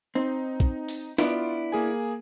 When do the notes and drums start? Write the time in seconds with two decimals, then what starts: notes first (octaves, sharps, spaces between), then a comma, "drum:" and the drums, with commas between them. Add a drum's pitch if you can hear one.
0.15 C4 D#4
0.60 drum: kick
0.88 drum: open hi-hat
1.18 B3 D4 E4 F4 D7, drum: snare
1.72 A#3 G#4 G#5